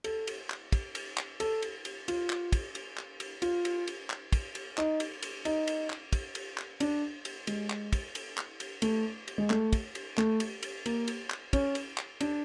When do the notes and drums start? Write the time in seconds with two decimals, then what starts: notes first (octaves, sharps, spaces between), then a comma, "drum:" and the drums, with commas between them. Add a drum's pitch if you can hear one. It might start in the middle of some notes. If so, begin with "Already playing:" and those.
0.04 A4, drum: cymbal
0.27 drum: cymbal
0.50 drum: clap
0.72 drum: kick, cymbal
0.95 drum: cymbal
1.17 drum: clap
1.40 A4, drum: cymbal
1.62 drum: cymbal
1.85 drum: cymbal
2.08 F4, drum: cymbal
2.30 drum: clap
2.52 drum: kick, cymbal
2.75 drum: cymbal
2.97 drum: clap
3.20 drum: cymbal
3.42 F4, drum: cymbal
3.65 drum: cymbal
3.87 drum: cymbal
4.10 drum: clap
4.33 drum: kick, cymbal
4.55 drum: cymbal
4.78 D#4, drum: clap
5.00 drum: cymbal
5.23 drum: cymbal
5.45 D#4, drum: cymbal
5.68 drum: cymbal
5.90 drum: clap
6.13 drum: kick, cymbal
6.35 drum: cymbal
6.58 drum: clap
6.80 D4, drum: cymbal
7.25 drum: cymbal
7.47 G#3, drum: cymbal
7.70 drum: clap
7.93 drum: kick, cymbal
8.15 drum: cymbal
8.38 drum: clap
8.60 drum: cymbal
8.82 A3, drum: cymbal
9.28 drum: cymbal
9.38 G#3
9.50 A3, drum: clap
9.73 drum: kick, cymbal
9.95 drum: cymbal
10.18 A3, drum: clap
10.40 drum: cymbal
10.63 drum: cymbal
10.86 A#3, drum: cymbal
11.08 drum: cymbal
11.30 drum: clap
11.53 C#4, drum: kick, cymbal
11.75 drum: cymbal
11.98 drum: clap
12.21 D4, drum: cymbal